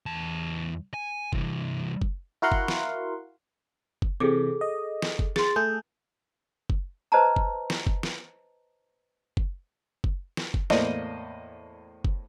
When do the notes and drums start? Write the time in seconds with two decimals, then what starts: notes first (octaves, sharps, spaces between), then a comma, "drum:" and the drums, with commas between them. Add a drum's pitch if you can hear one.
0.06 E2 A5
0.94 G#5
1.33 C2 E3, drum: kick F#1
2.02 drum: kick F#1
2.42 E4 F#4 A#4 F5 F#5 C6
2.52 drum: kick F#1
2.68 drum: snare
4.02 drum: kick F#1
4.20 C3 E3 C4 G#4 A4 D6
4.61 D#5
5.02 drum: snare
5.19 drum: kick F#1
5.36 G#4 C6 A6, drum: snare
5.56 A3 G#4 A4 G6
6.70 drum: kick F#1
7.12 B4 C5 D#5 A5 A#5
7.36 drum: kick F#1
7.70 drum: snare
7.87 drum: kick F#1
8.03 drum: snare
9.37 drum: kick F#1
10.04 drum: kick F#1
10.37 drum: snare
10.54 drum: kick F#1
10.70 E2 A2 A#3 C5 D5 D#5, drum: snare
12.05 drum: kick F#1